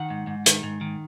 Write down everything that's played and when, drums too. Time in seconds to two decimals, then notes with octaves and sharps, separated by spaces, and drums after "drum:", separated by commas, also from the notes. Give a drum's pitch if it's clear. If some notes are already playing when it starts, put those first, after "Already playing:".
Already playing: D#3 F#5
0.10 G#2
0.27 G#2
0.46 D#3, drum: hi-hat
0.63 G#2
0.81 D#3